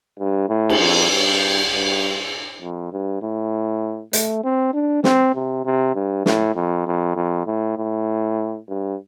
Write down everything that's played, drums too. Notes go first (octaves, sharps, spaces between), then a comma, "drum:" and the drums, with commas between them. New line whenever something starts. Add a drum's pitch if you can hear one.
G2
A2
drum: cymbal
F2
G2
G2
F2
G2
A2
A3, drum: hi-hat
C4
D4
C4, drum: snare
C3
C3
G2
A2, drum: snare
F2
F2
F2
A2
A2
G2